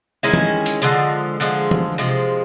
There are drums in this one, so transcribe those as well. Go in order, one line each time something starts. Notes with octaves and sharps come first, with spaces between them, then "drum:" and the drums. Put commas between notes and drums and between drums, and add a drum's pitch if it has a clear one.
D#3 G#3 C#4 E4
drum: tom E3
drum: hi-hat
D3 F3 G#3
D3 F3 G#3
drum: tom E3
C3 F3 G#3